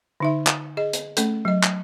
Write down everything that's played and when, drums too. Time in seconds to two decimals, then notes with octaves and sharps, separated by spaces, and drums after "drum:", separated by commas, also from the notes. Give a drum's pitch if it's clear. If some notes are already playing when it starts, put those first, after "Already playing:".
0.20 D3 D#4 E5
0.47 drum: clap
0.77 G#4 D#5
0.93 drum: hi-hat
1.17 A3 C#4 A4, drum: hi-hat
1.45 F#3 D#5
1.63 drum: clap